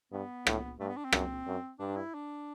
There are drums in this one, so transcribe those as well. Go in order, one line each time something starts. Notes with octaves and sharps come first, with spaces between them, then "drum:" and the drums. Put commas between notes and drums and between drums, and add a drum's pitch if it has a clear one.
G2 B3
A2, drum: rim click
G2 A3
B3
D4
C4
F#2, drum: rim click
F#2
G2 D4
E4
D4